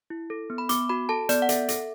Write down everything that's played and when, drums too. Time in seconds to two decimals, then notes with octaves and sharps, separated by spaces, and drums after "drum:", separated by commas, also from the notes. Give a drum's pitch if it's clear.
0.10 E4
0.30 A4
0.50 B3
0.58 B5
0.69 B3 D6, drum: hi-hat
0.89 F#4 B5
1.09 A4 A5
1.29 B3 D5, drum: hi-hat
1.42 F#5
1.49 A4 E5, drum: hi-hat
1.69 A4, drum: hi-hat